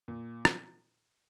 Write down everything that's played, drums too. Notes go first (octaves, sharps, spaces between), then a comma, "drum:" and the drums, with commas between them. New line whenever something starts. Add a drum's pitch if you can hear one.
A#2
drum: rim click